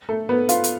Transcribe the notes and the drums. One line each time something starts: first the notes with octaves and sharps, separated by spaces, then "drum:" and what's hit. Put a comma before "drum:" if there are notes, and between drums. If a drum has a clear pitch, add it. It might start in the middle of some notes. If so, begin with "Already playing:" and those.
A3 A4
B3 B4
F4 F5, drum: hi-hat
drum: hi-hat